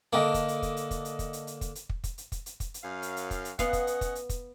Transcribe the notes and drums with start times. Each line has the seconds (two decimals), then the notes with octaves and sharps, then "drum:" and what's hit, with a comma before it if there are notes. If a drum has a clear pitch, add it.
0.13 D3 A#3 A4 D#5
0.34 drum: kick, hi-hat
0.48 drum: hi-hat
0.62 drum: kick, hi-hat
0.77 drum: hi-hat
0.91 drum: kick, hi-hat
1.05 drum: hi-hat
1.19 drum: kick, hi-hat
1.33 drum: hi-hat
1.47 drum: hi-hat
1.61 drum: kick, hi-hat
1.75 drum: hi-hat
1.90 drum: kick
2.04 drum: kick, hi-hat
2.18 drum: hi-hat
2.32 drum: kick, hi-hat
2.46 drum: hi-hat
2.60 drum: kick, hi-hat
2.74 drum: hi-hat
2.84 F#2 F5
3.02 drum: hi-hat
3.17 drum: hi-hat
3.31 drum: kick, hi-hat
3.45 drum: hi-hat
3.59 B3 C#4 D#5 F5 F#5, drum: kick, hi-hat
3.73 drum: kick, hi-hat
3.87 drum: hi-hat
4.01 drum: kick, hi-hat
4.15 drum: hi-hat
4.29 drum: kick, hi-hat